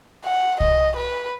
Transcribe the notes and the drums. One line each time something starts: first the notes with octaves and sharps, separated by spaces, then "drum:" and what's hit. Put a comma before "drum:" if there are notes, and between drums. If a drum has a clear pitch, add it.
F#5
D#5, drum: kick C2
B4